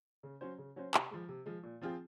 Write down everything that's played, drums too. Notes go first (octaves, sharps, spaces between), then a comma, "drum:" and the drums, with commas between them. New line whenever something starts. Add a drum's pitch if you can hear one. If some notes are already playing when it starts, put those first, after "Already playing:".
C#3
F#3 C#4 F#4 C5
C#3
F#3 C#4 F#4 C5
C3, drum: clap
F3 G#3
C3
F3 G#3
A#2
F3 C4 F4 G#4